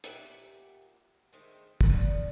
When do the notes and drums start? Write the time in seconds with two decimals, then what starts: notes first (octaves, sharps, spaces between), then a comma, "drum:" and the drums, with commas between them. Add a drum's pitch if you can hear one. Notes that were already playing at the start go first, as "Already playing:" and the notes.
0.04 A#2 G4 E5 F#5, drum: hi-hat
1.33 D#3 G#3 A3 C4
1.81 D3 G3 B3 D4, drum: kick